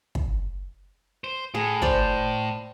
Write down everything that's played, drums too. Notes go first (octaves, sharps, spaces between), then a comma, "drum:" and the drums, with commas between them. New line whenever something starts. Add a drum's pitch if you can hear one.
drum: kick
C5
A2 G#4
C5 D5 G5, drum: kick